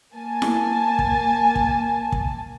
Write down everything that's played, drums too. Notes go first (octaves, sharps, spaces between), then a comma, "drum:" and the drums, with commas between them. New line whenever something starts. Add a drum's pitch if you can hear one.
A#3 G#5 A5
drum: snare E4
drum: kick
drum: kick
drum: kick